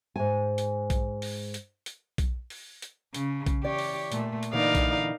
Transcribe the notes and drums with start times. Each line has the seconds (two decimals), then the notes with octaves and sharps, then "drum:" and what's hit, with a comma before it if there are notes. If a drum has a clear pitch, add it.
0.16 G#2 G#5
0.58 drum: hi-hat
0.90 drum: kick B1, hi-hat
1.22 drum: open hi-hat
1.54 drum: hi-hat
1.86 drum: hi-hat
2.18 drum: kick B1, hi-hat
2.50 drum: open hi-hat
2.82 drum: hi-hat
3.14 C#3, drum: hi-hat
3.47 drum: kick B1, hi-hat
3.64 E3 G4 C#5 D5
3.79 drum: open hi-hat
4.12 A#2 A3, drum: hi-hat
4.43 drum: hi-hat
4.53 A#2 D3 E3 D#4 A#4 D5 F5
4.75 drum: kick B1, hi-hat